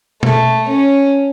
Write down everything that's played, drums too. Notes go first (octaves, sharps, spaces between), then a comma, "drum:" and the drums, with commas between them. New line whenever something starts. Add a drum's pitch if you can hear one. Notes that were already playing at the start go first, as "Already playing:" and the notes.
A3, drum: tom B2
C#4